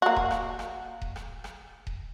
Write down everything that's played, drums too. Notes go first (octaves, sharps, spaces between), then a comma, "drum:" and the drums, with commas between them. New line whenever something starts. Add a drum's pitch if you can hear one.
A#3 F#4
drum: kick D#1
drum: rim click
drum: rim click
drum: kick D#1
drum: rim click
drum: rim click
drum: kick D#1